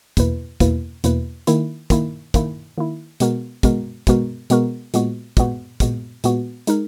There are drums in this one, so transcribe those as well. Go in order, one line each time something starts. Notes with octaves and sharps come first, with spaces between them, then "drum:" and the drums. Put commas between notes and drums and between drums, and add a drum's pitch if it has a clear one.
E2 B2 A#3 E4 B4, drum: kick, hi-hat
E2 B2 A#3 E4 B4, drum: kick, hi-hat
E2 B2 A#3 E4 B4, drum: hi-hat
D#3 A#3 E4, drum: hi-hat
D#3 A#3 E4, drum: kick, hi-hat
D#3 A#3 E4, drum: kick, hi-hat
D#3 A#3 E4
B2 G#3 B3 F#4 A#4, drum: hi-hat
B2 G#3 B3 F#4 A#4, drum: kick, hi-hat
B2 G#3 B3 F#4 A#4, drum: kick, hi-hat
B2 G#3 B3 F#4 A#4, drum: hi-hat
A#2 G#3 B3 F#4, drum: hi-hat
A#2 G#3 B3 F#4, drum: kick, hi-hat
A#2 G#3 B3 F#4, drum: kick, hi-hat
A#2 G#3 B3 F#4, drum: hi-hat
G#3 D#4 A#4, drum: hi-hat